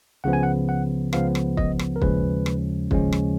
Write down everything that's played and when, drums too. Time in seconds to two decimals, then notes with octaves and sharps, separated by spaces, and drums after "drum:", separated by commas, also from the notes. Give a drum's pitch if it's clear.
0.24 C#2 C#3 F3 B3 F#5
0.33 G#5
0.43 F#5
0.69 F#5
1.13 C#2 C#3 F3 B3 F5, drum: rim click
1.35 drum: rim click
1.57 D#5, drum: kick
1.79 drum: rim click
1.96 A#4
2.02 D#2 C#3 F3 G#3 C#4 B4, drum: kick
2.46 drum: rim click
2.91 D#2 C#3 F3 G#3 C#4, drum: kick
3.12 drum: rim click